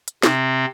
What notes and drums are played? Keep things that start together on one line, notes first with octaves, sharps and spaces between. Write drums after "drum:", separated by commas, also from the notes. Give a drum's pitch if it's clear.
drum: hi-hat
C3 C4, drum: snare